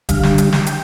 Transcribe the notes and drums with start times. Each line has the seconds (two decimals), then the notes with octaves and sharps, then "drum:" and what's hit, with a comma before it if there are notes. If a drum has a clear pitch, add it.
0.09 D3 G3 F5, drum: kick, hi-hat
0.23 drum: snare
0.38 drum: hi-hat
0.53 drum: snare
0.66 G5, drum: hi-hat